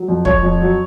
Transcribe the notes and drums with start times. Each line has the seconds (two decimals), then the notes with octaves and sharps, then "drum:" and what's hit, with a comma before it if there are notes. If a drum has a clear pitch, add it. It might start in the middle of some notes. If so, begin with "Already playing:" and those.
Already playing: F#3
0.08 F2
0.25 F2 C#5, drum: kick
0.43 F2
0.61 F#3